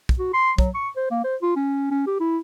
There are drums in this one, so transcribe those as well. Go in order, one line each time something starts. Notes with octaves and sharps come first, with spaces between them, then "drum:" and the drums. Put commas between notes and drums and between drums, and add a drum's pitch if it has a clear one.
drum: kick
F#4
C6
F#3, drum: kick
C#6
C5
A#3
C5
F4
C#4
C#4
G4
E4